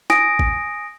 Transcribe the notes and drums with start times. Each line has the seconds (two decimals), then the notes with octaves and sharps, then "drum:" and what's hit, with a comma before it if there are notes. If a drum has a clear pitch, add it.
0.10 G#5 D#6 A#6 D7, drum: snare E4
0.39 drum: kick G#1